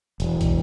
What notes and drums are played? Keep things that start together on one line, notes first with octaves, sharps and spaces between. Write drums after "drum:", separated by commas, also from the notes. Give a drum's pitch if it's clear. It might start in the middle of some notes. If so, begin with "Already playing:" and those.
E1, drum: hi-hat
drum: kick, hi-hat